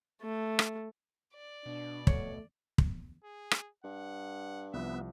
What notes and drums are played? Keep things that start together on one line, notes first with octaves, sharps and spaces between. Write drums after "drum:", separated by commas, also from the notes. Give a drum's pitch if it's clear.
A3
drum: rim click
D5
B2 D4
A3 C#5, drum: kick
drum: kick
G#4
drum: rim click
G2 F#5
C2 F3 B3 E5